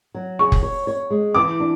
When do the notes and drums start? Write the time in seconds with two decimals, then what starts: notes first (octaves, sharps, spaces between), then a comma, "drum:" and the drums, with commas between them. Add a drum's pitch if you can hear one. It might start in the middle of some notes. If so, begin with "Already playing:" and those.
0.14 F#3
0.39 G#4 C#6
0.52 drum: kick F1
0.63 C#5
0.87 C#5
1.10 G#3
1.35 E3 D6
1.60 D4